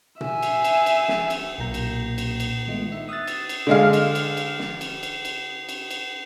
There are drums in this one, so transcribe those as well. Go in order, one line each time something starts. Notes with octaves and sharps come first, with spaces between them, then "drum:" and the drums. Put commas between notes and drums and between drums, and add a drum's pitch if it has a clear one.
E5 G#5, drum: tom A#2
drum: cymbal
drum: cymbal
drum: cymbal
drum: snare
drum: cymbal
B1 A#2 A#3 A#5 G6
drum: cymbal
drum: cymbal
drum: cymbal
D#3 G#3 A3 B3 F4 D#5
D#4 E5
D#6 E6 F#6 A6
drum: cymbal
drum: cymbal
D3 G#3 F5
drum: cymbal
drum: cymbal
drum: cymbal
drum: snare
drum: cymbal
drum: cymbal
drum: cymbal
drum: cymbal
drum: cymbal